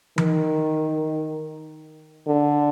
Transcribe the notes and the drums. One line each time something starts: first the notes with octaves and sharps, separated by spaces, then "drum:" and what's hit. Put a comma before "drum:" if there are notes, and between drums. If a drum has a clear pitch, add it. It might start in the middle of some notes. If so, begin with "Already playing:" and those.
D#3, drum: tom E3
D3